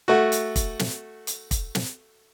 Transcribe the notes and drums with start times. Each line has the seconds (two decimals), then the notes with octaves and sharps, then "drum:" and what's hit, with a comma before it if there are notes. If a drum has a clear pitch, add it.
0.08 A3 F#4
0.32 drum: hi-hat
0.56 drum: kick, hi-hat
0.79 drum: snare
1.27 drum: hi-hat
1.51 drum: kick, hi-hat
1.75 drum: snare